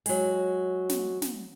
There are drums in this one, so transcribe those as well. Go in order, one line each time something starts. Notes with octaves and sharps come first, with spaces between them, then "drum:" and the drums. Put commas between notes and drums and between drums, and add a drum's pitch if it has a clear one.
F#3 G#3, drum: open hi-hat
drum: snare
drum: snare